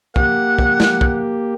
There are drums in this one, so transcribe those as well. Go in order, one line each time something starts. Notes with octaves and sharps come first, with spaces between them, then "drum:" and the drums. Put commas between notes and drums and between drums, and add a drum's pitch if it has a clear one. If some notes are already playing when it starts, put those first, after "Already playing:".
A#3 G4 F#5, drum: kick
drum: kick
drum: snare
drum: kick